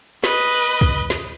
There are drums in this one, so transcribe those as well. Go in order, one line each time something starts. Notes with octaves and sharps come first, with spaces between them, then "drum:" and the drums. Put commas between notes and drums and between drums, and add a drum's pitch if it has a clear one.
B4 D#5, drum: snare
drum: hi-hat
drum: kick, hi-hat
drum: snare